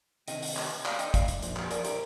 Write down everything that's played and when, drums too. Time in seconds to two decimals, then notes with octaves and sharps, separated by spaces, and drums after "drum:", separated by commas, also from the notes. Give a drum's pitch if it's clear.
0.28 C3 D#3 D#5 G5, drum: hi-hat
0.42 drum: open hi-hat
0.57 drum: clap
0.86 D5 F5, drum: clap
0.99 D#5 G5, drum: hi-hat
1.14 D5 F5, drum: kick, hi-hat
1.28 drum: hi-hat
1.42 A#2 F3, drum: hi-hat
1.57 drum: clap
1.71 A#4 D5, drum: hi-hat
1.85 G4 A#4, drum: hi-hat